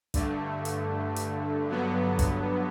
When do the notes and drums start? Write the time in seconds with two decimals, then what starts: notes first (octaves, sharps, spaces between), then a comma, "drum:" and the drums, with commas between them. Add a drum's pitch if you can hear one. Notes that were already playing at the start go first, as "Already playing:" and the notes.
0.14 G2 D3 A3, drum: kick, hi-hat
0.65 drum: hi-hat
1.16 drum: hi-hat
1.68 G2 D3 F#3 B3
2.19 drum: kick, hi-hat